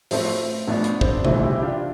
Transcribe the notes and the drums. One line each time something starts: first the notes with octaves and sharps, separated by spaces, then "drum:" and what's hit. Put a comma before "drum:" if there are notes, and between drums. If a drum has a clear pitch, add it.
A1 A2 F3 A3 C4, drum: open hi-hat
A1 A2 F3 B3 D4
drum: hi-hat
C4, drum: kick
D4
A1 A2 E3 G3 C4 E4, drum: tom C3
E4 G4
G4
D4 F4